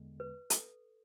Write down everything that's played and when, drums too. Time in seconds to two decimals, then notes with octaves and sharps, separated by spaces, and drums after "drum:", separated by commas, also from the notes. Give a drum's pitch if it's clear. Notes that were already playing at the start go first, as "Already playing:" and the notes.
Already playing: E2 D3 G#3 B3
0.20 B4
0.50 A4, drum: hi-hat